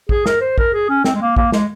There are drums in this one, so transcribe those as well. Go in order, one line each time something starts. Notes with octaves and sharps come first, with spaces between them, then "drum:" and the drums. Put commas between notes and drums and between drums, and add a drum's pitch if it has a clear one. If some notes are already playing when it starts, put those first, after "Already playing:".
G#4, drum: kick
A#4, drum: snare
C5
A#4, drum: kick
G#4
C#4
C4, drum: snare
G#3
A#3
A#3, drum: kick
G#3, drum: snare